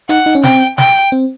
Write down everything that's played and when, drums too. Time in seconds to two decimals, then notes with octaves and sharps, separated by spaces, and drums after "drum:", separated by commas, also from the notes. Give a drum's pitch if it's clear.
0.09 D#4 F#5, drum: hi-hat
0.26 D#4
0.35 C#4
0.43 C4 G5, drum: snare
0.78 G5, drum: snare
1.12 C4